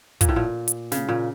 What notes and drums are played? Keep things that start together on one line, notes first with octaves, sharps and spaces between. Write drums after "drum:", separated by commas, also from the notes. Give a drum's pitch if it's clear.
A#2, drum: kick, hi-hat
A2
A#2
drum: hi-hat
C#3, drum: snare
A#2